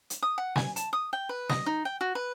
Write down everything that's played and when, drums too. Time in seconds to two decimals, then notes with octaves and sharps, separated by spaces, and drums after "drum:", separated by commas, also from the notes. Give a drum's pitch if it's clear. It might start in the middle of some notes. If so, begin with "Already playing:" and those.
0.10 drum: hi-hat
0.23 D#6
0.38 F#5
0.56 G#5, drum: snare
0.76 A5, drum: hi-hat
0.93 D#6
1.13 G5
1.29 B4
1.49 D#5, drum: snare
1.66 D#4
1.85 G5
2.01 F#4
2.15 B4